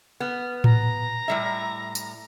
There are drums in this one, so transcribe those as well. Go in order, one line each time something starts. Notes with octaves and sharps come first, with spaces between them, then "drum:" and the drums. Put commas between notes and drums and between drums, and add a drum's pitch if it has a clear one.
B3 F6
A#5, drum: tom A2
A2 G3 E5
drum: tambourine